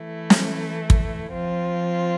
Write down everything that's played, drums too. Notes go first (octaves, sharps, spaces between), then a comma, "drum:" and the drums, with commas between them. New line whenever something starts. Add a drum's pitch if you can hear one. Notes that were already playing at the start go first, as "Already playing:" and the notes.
Already playing: E3 A3 E4
drum: snare
drum: kick
F3 C4 F4